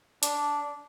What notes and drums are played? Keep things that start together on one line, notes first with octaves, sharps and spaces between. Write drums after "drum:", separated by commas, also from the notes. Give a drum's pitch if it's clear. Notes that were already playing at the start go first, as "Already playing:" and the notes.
D4, drum: hi-hat